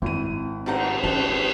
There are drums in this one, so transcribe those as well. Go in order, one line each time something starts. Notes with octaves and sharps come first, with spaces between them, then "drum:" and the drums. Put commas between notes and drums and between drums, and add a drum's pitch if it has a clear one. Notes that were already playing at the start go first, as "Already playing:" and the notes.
G#1 C4 E4 D#7
A2 D#4 F#5, drum: cymbal
C#4 A5, drum: cymbal